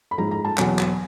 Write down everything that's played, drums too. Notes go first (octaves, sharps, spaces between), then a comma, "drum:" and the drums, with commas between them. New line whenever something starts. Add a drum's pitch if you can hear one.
B5
G#2 F3 G#3 A#5
A#5
A5
E2 B2 F#3 G#5, drum: clap
drum: clap